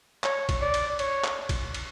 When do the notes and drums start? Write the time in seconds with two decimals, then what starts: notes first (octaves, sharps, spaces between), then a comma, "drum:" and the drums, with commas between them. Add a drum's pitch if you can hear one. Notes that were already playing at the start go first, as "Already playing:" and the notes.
0.24 C#5, drum: clap
0.49 drum: kick, cymbal
0.61 D5
0.74 drum: cymbal
0.99 C#5, drum: cymbal
1.24 drum: clap
1.49 drum: kick, cymbal
1.74 drum: cymbal